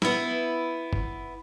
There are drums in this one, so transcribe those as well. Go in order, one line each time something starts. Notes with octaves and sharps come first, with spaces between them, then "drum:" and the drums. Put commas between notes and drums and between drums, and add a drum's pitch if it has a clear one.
B3 E4, drum: snare
drum: kick